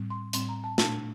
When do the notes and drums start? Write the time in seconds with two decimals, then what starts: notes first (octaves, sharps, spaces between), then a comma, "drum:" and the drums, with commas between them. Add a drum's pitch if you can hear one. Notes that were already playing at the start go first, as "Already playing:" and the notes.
Already playing: A2 G3 C4
0.10 C6
0.33 A2 G3 C4 C6, drum: hi-hat
0.49 A#5
0.64 A5
0.78 A#2 A3 D4 A5, drum: snare